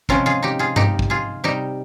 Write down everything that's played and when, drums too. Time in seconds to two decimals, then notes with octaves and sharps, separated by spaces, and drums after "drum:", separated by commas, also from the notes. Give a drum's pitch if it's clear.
0.09 C3 F3 G#3 C#4 F4, drum: kick
0.26 F4 G#4
0.42 D#4 G4
0.59 F4 G#4
0.76 D#4 G4, drum: tom G2
0.99 drum: kick
1.10 F4 G#4
1.44 C3 G3 D#4 G4